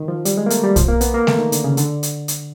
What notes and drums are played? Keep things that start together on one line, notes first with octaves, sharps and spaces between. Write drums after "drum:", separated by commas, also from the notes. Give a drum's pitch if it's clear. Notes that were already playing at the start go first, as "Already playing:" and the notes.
Already playing: D#3
F3
G3, drum: hi-hat
G#3
A#3
A3, drum: hi-hat
G3
F3, drum: kick, hi-hat
A#3
B3, drum: hi-hat
A#3
A3, drum: snare A3
D#3
D3, drum: hi-hat
C#3
D3, drum: hi-hat
drum: hi-hat
drum: hi-hat